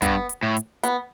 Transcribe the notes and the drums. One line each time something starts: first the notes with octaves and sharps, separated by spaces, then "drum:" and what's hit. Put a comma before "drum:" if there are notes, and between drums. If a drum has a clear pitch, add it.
G2 B3, drum: kick, hi-hat
drum: hi-hat
A2
drum: hi-hat
B3, drum: hi-hat